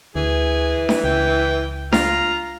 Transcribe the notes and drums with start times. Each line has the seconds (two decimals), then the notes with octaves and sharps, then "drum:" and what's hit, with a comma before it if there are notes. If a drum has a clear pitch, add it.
0.16 D2 E3 G#4
0.89 drum: snare D4
1.04 C#2 G5
1.92 F4 A#5, drum: snare D4